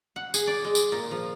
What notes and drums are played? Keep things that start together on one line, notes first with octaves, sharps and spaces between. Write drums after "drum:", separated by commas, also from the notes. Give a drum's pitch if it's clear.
F#5
G#4, drum: tambourine
D5
G#3
drum: tambourine
A#2
F3